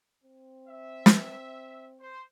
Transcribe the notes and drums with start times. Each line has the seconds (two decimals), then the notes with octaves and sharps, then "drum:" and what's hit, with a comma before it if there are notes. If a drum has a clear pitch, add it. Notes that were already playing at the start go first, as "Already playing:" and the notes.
0.24 C4
0.67 E5
1.06 drum: snare
2.01 C5